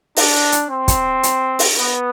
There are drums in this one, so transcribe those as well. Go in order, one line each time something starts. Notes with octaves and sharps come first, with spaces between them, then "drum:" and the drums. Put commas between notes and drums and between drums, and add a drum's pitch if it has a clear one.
D4, drum: open hi-hat
drum: hi-hat
C4
drum: kick, hi-hat
drum: hi-hat
drum: open hi-hat
B3